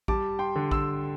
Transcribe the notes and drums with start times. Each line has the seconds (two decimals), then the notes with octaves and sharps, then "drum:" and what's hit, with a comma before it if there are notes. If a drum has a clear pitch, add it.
0.08 G3 A5 D6, drum: kick A1
0.39 G5 C6
0.56 D3
0.71 C6 E6, drum: kick A1